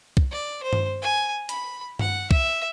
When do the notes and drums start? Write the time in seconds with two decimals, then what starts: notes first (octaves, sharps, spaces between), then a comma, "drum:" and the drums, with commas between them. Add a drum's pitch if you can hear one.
0.17 drum: kick C2
0.31 D5
0.63 C5
0.73 drum: tom G2
1.02 G#5
1.49 B5, drum: hi-hat
1.99 F#5, drum: tom G2
2.31 E5, drum: kick C2